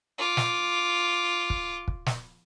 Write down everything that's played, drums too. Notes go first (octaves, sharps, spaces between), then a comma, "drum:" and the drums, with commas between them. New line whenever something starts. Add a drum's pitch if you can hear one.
F4 D6
drum: snare
drum: kick
drum: kick
drum: snare